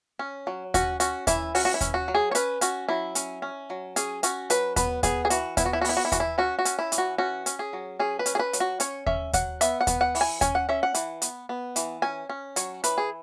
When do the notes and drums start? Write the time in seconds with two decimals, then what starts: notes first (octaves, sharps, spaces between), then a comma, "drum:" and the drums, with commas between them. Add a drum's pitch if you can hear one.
0.19 C#4
0.47 F#3
0.74 C#4 F#4, drum: kick D#2, hi-hat
1.00 C#4 F#4, drum: hi-hat
1.27 E3 E4, drum: kick D#2, hi-hat
1.55 C#4 F#4, drum: open hi-hat
1.65 F#4
1.74 E4
1.81 C#4, drum: kick D#2, hi-hat
1.94 F#4
2.08 F#3
2.15 G#4
2.31 C#5
2.35 C#4 B4, drum: hi-hat
2.61 C#4 F#4, drum: hi-hat
2.89 F#3 E4
3.15 C#4, drum: hi-hat
3.42 C#4
3.70 F#3
3.96 C#4 G#4, drum: hi-hat
4.23 C#4 F#4, drum: hi-hat
4.50 F#3 B4, drum: hi-hat
4.76 B3 B4, drum: kick D#2, hi-hat
5.03 B3 G#4, drum: kick D#2, hi-hat
5.25 G#4
5.30 E3 F#4, drum: hi-hat
5.57 B3 E4, drum: kick D#2, hi-hat
5.66 F#4
5.73 E4
5.82 F#4
5.85 B3 E4, drum: open hi-hat
5.97 F#4
6.05 E4
6.12 E3 F#4, drum: kick D#2, hi-hat
6.20 E4
6.38 C#4 F#4
6.59 F#4
6.65 C#4, drum: hi-hat
6.79 E4
6.92 E3, drum: hi-hat
6.98 F#4
7.18 C#4 F#4
7.46 C#4, drum: hi-hat
7.59 G#4
7.73 F#3
7.99 C#4 G#4
8.19 B4
8.26 C#4, drum: hi-hat
8.35 G#4
8.39 B4
8.53 F#3, drum: hi-hat
8.60 F#4
8.80 C#4 C#5, drum: hi-hat
9.07 C#4 E5, drum: kick D#2
9.33 F#3 F#5, drum: kick D#2, hi-hat
9.61 B3 E5, drum: hi-hat
9.81 F#5
9.87 B3, drum: kick D#2, hi-hat
10.01 F#5
10.15 E3, drum: open hi-hat
10.21 G#5
10.41 C#4 G#5, drum: kick D#2, hi-hat
10.55 F#5
10.69 C#4 E5
10.83 F#5
10.95 E3, drum: hi-hat
11.22 B3, drum: hi-hat
11.49 B3
11.76 E3, drum: hi-hat
12.02 C#4 G#5
12.30 C#4
12.56 F#3 C#5, drum: hi-hat
12.84 E3 B4, drum: hi-hat
12.98 G#4